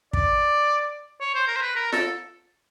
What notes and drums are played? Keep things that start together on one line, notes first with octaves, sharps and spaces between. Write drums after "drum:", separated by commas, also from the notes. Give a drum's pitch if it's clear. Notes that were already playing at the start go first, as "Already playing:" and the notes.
D5, drum: kick
C#5
C5
A#4
C5
B4
A#4
A4, drum: snare F4